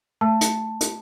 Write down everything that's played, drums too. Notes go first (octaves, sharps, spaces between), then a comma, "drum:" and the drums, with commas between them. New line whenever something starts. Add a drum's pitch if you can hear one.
A3 A5
drum: hi-hat
drum: hi-hat